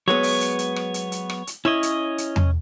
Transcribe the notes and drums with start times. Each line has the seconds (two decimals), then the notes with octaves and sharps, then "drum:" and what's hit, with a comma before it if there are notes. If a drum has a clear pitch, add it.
0.08 F#3 G#3 B3 C#5
0.23 drum: open hi-hat
0.41 drum: hi-hat
0.59 drum: hi-hat
0.76 drum: rim click
0.94 drum: hi-hat
1.12 drum: hi-hat
1.30 drum: rim click
1.47 drum: hi-hat
1.65 C#4 E4 C#5 D#5
1.83 drum: hi-hat
2.18 drum: hi-hat
2.36 drum: tom E2